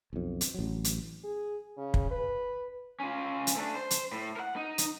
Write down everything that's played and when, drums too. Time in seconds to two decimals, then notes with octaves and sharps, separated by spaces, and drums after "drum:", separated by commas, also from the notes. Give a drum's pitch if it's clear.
0.13 B1 F2
0.41 drum: hi-hat
0.54 A1 F#3
0.84 drum: hi-hat
1.24 G#4
1.77 C#3
1.94 drum: kick
2.11 B4
3.00 C#4 F4
3.47 drum: hi-hat
3.57 A3 D4
3.76 C5
3.91 drum: hi-hat
4.12 A2
4.36 A#4 F#5
4.56 D#4
4.78 drum: hi-hat